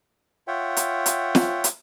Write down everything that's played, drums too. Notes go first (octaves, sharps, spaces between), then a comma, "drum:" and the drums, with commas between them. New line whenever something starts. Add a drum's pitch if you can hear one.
F4 C#5 E5 F#5 G5
drum: hi-hat
drum: hi-hat
drum: snare
drum: hi-hat